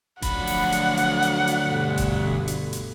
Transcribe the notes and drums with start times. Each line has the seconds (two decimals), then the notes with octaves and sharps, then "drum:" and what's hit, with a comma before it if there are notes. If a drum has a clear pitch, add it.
0.22 D2 F3 F#3 D4 F#5 B5, drum: kick D#1, hi-hat
0.47 drum: open hi-hat
0.72 drum: hi-hat
0.97 drum: hi-hat
1.22 drum: hi-hat
1.47 drum: hi-hat
1.67 G2 B2 D3
1.98 drum: kick D#1, hi-hat
2.48 drum: hi-hat
2.73 drum: hi-hat